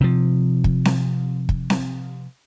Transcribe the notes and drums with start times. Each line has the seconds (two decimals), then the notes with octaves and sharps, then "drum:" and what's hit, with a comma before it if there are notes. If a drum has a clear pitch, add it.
0.01 C3 F3
0.64 drum: kick
0.85 drum: snare C4
1.49 drum: kick
1.70 drum: snare C4